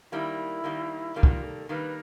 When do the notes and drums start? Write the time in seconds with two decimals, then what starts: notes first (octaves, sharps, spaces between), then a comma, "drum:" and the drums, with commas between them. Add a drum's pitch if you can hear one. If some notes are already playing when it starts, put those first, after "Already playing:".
0.12 D#3 G3 A#3 E4
0.64 D#3 G3 A#3
1.16 D#3 G3 A#3 F4
1.23 F#4, drum: kick
1.31 F4
1.43 A4
1.69 D#3 G3 A#3 B4